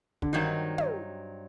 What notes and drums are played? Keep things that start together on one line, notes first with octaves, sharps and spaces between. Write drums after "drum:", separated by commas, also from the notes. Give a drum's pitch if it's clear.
D3, drum: kick
G2 D#3 F#3 C4 D#4
drum: tom